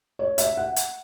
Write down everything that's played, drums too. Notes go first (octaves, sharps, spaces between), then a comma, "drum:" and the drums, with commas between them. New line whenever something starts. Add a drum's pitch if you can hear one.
C#5
E5, drum: hi-hat
F#5
drum: hi-hat